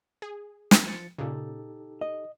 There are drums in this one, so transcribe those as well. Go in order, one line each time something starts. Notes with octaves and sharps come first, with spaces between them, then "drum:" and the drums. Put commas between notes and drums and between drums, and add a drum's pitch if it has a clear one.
G#4
drum: snare
F3 A6 C#7
A#2 C#3 D#4 G4 A4
D#5